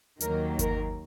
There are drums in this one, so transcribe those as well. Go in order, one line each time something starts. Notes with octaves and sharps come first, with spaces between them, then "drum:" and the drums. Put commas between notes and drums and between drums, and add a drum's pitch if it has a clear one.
D#2 D#3 F#3 A#3 A#4, drum: hi-hat
A#4, drum: kick G1, hi-hat